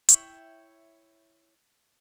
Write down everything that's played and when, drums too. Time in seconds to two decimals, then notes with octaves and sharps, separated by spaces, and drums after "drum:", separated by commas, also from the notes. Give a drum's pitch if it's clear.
0.09 E4 C#5 E5 G5, drum: hi-hat